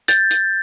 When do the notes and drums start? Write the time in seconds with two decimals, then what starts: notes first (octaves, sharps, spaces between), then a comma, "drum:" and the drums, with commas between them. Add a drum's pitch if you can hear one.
0.08 G6 A6, drum: hi-hat
0.31 drum: hi-hat